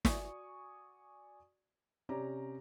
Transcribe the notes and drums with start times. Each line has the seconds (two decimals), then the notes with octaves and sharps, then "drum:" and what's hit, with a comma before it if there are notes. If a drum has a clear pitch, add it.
0.05 F#4 D5 G#5 C#6 D#6, drum: snare
2.09 C3 C#4 G4 D5 A#5